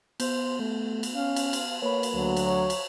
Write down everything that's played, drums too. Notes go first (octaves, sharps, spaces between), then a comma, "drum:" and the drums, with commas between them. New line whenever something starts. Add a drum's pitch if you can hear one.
B3 C5 G6, drum: cymbal
A3
drum: cymbal
C#4 F5
drum: cymbal
drum: cymbal
A#3 B4 C#5 B5
drum: cymbal
D2 F#3
drum: cymbal
C#5 A#5 C#6
drum: cymbal